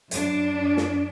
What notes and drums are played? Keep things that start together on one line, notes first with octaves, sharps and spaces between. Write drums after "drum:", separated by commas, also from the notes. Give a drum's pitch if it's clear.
F#2 D4, drum: hi-hat
drum: snare